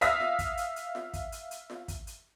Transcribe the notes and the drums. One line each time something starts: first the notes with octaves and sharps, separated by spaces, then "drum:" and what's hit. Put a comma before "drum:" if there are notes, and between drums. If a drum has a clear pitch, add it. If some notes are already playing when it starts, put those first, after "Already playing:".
E5 F5 D#6 F6 A#6 B6, drum: hi-hat
drum: snare F4
drum: kick, hi-hat
drum: hi-hat
drum: hi-hat
drum: snare F4
drum: kick, hi-hat
drum: hi-hat
drum: hi-hat
drum: snare F4
drum: kick, hi-hat
drum: hi-hat